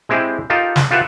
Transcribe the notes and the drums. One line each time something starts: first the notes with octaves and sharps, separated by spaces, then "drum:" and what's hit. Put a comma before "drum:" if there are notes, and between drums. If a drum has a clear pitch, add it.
G#3 C4 E4 G4 G#4
D#4 F4 G4 A4 A#4
drum: snare
F4 G4 A4 B4 E5 F#5